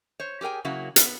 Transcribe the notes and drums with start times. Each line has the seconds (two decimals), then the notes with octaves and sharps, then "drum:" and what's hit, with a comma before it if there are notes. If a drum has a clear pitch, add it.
0.20 C5 C#5
0.41 G4 G#4 A#4 G5 G#5
0.65 C#3 F#3 A#3 E4 F#4
0.96 B3, drum: hi-hat